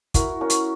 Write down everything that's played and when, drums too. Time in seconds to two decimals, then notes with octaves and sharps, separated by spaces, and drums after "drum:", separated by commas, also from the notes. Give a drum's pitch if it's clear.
0.14 E4 F#4 A#4, drum: kick, hi-hat
0.41 C#4 F#4 A#4
0.50 drum: hi-hat